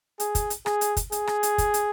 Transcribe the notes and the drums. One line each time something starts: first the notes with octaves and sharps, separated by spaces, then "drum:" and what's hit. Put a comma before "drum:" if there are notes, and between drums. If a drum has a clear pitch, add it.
G#4, drum: hi-hat
drum: kick, hi-hat
drum: hi-hat
G#4, drum: rim click
drum: hi-hat
drum: kick, hi-hat
G#4, drum: hi-hat
drum: rim click
drum: hi-hat
drum: kick, hi-hat
drum: hi-hat